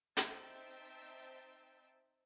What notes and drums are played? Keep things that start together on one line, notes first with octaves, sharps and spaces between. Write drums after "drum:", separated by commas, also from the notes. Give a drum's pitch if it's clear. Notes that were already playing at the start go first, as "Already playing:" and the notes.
C4 D#4 C5 E5 G5 A5, drum: hi-hat